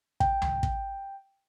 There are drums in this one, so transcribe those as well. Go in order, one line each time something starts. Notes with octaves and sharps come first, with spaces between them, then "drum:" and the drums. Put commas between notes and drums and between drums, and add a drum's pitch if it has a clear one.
G5, drum: kick
drum: tom C#2
drum: kick